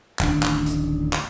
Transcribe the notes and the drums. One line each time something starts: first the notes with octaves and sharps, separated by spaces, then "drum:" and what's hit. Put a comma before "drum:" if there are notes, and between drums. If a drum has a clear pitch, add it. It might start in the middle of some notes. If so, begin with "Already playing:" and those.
D1 A1 D#3 D4, drum: clap
drum: clap
drum: hi-hat
drum: clap